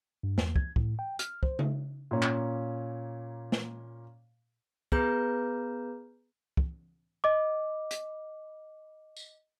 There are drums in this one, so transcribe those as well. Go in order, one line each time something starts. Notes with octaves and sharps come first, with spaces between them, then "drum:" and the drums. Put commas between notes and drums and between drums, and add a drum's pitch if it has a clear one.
G2
E2, drum: snare
G#6, drum: kick
A2, drum: kick
G5
F6, drum: hi-hat
C5, drum: kick
drum: tom C#3
A#2 A#3 C#4
drum: clap
drum: snare
B3 G#4 B4 A#5 G6, drum: kick
drum: kick
D#5 D6
drum: hi-hat
drum: tambourine